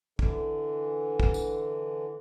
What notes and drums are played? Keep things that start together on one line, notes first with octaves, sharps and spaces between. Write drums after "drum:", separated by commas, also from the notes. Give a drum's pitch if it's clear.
D3 E3, drum: kick
drum: kick
drum: tambourine